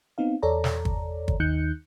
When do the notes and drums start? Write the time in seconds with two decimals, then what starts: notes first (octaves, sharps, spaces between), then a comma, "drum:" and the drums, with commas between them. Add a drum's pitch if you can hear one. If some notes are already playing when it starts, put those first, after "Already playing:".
0.18 B3 C4 D#4 F5
0.42 E2 A4 C#5 D5 A#5
0.64 drum: snare
0.85 drum: kick
1.28 drum: kick
1.40 D#2 D#3 D#4 F#6 G6 C#7